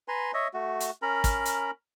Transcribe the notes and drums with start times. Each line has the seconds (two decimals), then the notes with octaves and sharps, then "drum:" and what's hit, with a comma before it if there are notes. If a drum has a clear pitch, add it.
0.08 B4 G#5 A#5 C6
0.34 C#5 D#5 E5
0.54 A3 F#4
0.81 drum: hi-hat
1.02 C#4 A#4 A#5 B5
1.24 drum: kick, hi-hat
1.46 drum: hi-hat